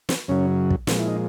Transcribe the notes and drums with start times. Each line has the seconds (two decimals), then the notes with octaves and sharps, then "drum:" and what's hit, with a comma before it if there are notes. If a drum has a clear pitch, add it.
0.09 C4, drum: snare
0.28 F#2 C#3 F#3 C#4
0.70 drum: kick
0.87 A#2 F3 G#3 C4, drum: snare
0.99 E4
1.08 D#4